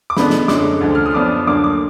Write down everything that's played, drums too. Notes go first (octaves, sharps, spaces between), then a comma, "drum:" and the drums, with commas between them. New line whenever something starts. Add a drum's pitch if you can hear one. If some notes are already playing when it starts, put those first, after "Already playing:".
D6
D3 G#3 B3 D4 B5, drum: snare
drum: snare
F#2 D3 G#3 D6, drum: snare
D2 D3 F3
F6
D#6
F#2 F3 B3 D4 D6
D2 D3 F#3 A#3 D6
D6